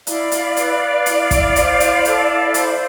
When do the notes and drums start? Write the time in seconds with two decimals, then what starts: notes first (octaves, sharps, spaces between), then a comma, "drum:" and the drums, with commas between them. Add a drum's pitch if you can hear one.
0.07 E4 D5 F5, drum: hi-hat
0.32 E4, drum: hi-hat
0.57 B4, drum: hi-hat
0.81 B4
1.06 E4, drum: hi-hat
1.31 E4, drum: kick, hi-hat
1.56 C5, drum: hi-hat
1.80 E4, drum: hi-hat
2.05 A4, drum: hi-hat
2.30 E4
2.54 C5, drum: hi-hat